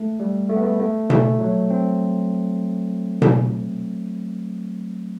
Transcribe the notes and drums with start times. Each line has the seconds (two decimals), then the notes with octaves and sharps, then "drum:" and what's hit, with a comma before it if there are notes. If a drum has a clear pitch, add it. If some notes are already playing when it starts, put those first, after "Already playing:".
Already playing: A3
0.20 G3
0.49 A3
0.56 B3
0.64 A3
0.80 A3
1.10 A3, drum: tom B2
1.40 F#3
1.70 C4
3.22 drum: tom B2